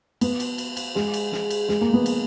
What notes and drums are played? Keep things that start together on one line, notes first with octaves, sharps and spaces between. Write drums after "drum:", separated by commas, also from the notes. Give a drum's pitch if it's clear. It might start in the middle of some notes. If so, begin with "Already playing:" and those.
B3, drum: cymbal
drum: cymbal
drum: cymbal
drum: cymbal
G#3, drum: snare
drum: cymbal
drum: snare
drum: cymbal
G#3, drum: snare
A#3
B3
drum: cymbal